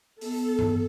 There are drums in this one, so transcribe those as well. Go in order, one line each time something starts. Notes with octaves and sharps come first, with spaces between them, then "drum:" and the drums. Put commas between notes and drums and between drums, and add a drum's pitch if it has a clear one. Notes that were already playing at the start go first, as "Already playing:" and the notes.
B3 A4, drum: open hi-hat
drum: tom G2